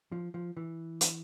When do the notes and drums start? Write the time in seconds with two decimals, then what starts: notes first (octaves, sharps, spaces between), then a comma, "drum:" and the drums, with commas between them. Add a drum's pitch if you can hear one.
0.12 F3
0.34 F3
0.57 E3
1.01 drum: hi-hat